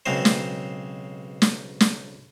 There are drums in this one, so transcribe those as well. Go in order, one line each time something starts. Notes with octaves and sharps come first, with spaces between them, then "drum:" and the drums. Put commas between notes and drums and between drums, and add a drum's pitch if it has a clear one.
B1 C#3 G#3 C4 C5
drum: snare
drum: snare
drum: snare